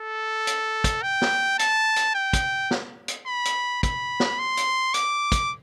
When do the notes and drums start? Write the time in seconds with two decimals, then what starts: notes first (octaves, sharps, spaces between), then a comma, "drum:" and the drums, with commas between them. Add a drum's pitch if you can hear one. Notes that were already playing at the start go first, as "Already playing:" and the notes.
Already playing: A4
0.47 drum: hi-hat
0.84 drum: kick, hi-hat
1.03 G5
1.22 drum: snare
1.59 A5, drum: hi-hat
1.96 drum: hi-hat
2.15 G5
2.33 drum: kick, hi-hat
2.71 drum: snare
3.08 drum: hi-hat
3.26 B5
3.45 drum: hi-hat
3.83 B5, drum: kick, hi-hat
4.20 drum: snare
4.39 C6
4.57 drum: hi-hat
4.94 D6, drum: hi-hat
5.32 drum: kick, hi-hat